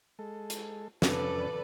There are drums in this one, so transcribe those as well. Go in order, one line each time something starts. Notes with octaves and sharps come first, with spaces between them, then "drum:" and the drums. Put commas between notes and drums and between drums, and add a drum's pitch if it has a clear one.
G#3 A4
drum: hi-hat
F2 C#4 A4 B4 D5, drum: snare